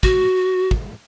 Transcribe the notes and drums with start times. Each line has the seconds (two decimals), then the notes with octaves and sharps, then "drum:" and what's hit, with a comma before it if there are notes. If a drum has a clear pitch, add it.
0.03 F#4, drum: kick
0.71 drum: kick